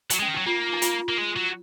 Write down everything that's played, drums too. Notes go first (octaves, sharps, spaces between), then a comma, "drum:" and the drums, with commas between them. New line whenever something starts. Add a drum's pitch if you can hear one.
F#3, drum: hi-hat
G#3 C#4
D#3
D#4
F#3
A#3 F4
D#4
F4, drum: hi-hat
A#3
G#3
F#3